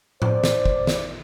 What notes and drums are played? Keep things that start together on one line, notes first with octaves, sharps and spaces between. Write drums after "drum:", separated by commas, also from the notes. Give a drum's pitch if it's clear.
C5 D5, drum: tom A2
drum: snare
drum: kick
drum: snare